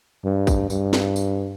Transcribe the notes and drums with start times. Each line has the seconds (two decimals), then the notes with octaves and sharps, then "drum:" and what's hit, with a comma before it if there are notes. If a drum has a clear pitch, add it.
0.25 G2
0.47 drum: kick, tambourine
0.70 G2, drum: tambourine
0.93 drum: snare
1.16 drum: tambourine